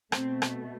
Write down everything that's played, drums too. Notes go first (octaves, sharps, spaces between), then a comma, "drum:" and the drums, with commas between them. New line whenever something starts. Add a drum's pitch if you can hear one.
B2 A3 C4, drum: rim click
drum: rim click